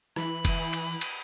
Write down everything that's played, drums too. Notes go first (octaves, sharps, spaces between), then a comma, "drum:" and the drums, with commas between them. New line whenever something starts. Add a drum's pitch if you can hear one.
E3 B5, drum: rim click
drum: kick F1, cymbal
drum: cymbal
drum: cymbal